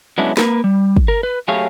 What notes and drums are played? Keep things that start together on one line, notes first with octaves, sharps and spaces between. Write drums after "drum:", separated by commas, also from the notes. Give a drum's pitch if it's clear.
F#3 G#3 B3 C#4 D4 E4
A#3 A#4 B4, drum: snare
G3
drum: kick
A#4
B4
F#3 A3 G4 G#4 C#5 F5